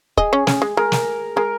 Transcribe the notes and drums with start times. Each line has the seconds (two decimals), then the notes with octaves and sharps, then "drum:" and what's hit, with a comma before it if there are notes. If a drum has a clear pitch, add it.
0.17 G#4 D#5, drum: kick
0.33 C#4
0.47 C#4, drum: snare
0.62 G#3
0.77 G#3 A#4
0.92 drum: snare
1.36 G#3 A#4